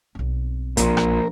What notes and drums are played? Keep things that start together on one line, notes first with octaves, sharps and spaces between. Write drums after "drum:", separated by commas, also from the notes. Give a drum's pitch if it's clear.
B1 C4
A#1 A#2 A#4, drum: hi-hat
drum: rim click